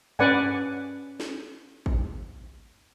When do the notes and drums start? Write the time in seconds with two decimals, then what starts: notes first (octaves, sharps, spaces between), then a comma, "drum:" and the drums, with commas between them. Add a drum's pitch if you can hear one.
0.19 C#4 B4 D5 F#5 G#5, drum: tom G2
1.20 drum: snare
1.86 drum: kick